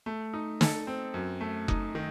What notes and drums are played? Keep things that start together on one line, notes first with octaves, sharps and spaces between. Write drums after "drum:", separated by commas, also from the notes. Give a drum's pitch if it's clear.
A3
D#4
A4, drum: snare
C4
F#2
A3
D#4, drum: kick F1
D#3